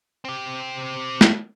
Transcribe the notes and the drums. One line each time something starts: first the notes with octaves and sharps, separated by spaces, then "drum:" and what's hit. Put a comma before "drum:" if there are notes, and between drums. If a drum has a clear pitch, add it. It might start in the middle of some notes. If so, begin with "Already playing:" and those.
C4 G4
drum: snare